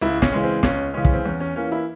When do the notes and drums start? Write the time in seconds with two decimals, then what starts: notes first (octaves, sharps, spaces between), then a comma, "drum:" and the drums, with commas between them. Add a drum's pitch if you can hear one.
0.01 C#2 E4
0.22 C#4, drum: snare
0.33 C#3 E3 G#3
0.43 C4
0.63 C#2 C#4, drum: snare
0.94 C#3 E3 G#3 C#4
1.05 drum: kick
1.14 C4
1.25 E2 C#4
1.40 C#4
1.56 E3 A#3 C#4
1.72 E4